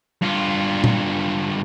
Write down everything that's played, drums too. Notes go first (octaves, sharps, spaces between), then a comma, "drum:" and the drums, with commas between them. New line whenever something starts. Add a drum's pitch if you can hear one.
G2 F4
drum: tom A#2